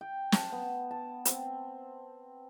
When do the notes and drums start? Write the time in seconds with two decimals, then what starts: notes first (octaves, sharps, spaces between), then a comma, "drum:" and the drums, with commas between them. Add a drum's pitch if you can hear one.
0.01 G5
0.32 A5, drum: snare
0.52 B3
0.91 A5
1.25 C4, drum: hi-hat